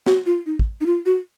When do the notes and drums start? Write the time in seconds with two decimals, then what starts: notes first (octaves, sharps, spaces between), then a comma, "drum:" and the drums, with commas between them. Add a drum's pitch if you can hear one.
0.06 F#4, drum: snare
0.26 F4
0.46 D#4
0.59 drum: kick
0.81 D#4
0.86 F4
1.06 F#4